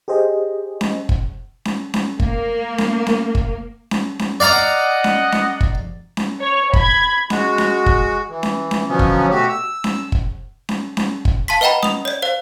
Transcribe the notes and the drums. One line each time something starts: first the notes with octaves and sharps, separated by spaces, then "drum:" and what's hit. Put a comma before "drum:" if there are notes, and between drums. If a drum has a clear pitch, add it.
G4 G#4 C5 D#5
drum: snare C#4
drum: kick
drum: snare C#4
drum: snare C#4
A#3, drum: kick
drum: snare C#4
drum: snare C#4
drum: kick
drum: snare C#4
drum: snare C#4
D5 D#5 F5 F#5 A#5
drum: snare C#4
drum: snare C#4
drum: kick
drum: snare C#4
C#5
B5 G#6, drum: kick
G#3 F#4, drum: snare C#4
drum: snare C#4
drum: kick
E3
drum: snare C#4
drum: snare C#4
B2 D3 F3 F#3 B3 C#4
drum: kick
B2 A3 F#4 G4
E6
drum: snare C#4
drum: kick
drum: snare C#4
drum: snare C#4
drum: kick
F5 A5 C6 B6
B4 D#5 F#5 G5 A#5 B5
D#6 F7, drum: snare C#4
C#5 D5
C5 F5